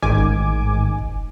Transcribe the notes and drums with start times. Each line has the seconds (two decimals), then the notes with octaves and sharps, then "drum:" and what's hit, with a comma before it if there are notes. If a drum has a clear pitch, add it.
0.02 A1 G#2 D#3 G#5 D6, drum: kick
0.98 drum: kick